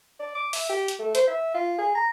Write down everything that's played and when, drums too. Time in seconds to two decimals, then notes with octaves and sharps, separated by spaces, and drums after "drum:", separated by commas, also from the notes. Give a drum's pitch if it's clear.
0.19 D5
0.35 D6
0.53 E5, drum: open hi-hat
0.69 G4
0.88 drum: hi-hat
0.99 A3
1.15 C5, drum: hi-hat
1.27 E5
1.54 F4
1.78 G#4
1.95 A#5